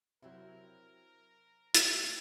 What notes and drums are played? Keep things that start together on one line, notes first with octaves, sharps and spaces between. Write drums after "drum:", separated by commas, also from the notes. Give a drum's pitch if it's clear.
C3 F#3 C4 E4 A#4
G3 A3 D#5 E5 G5, drum: hi-hat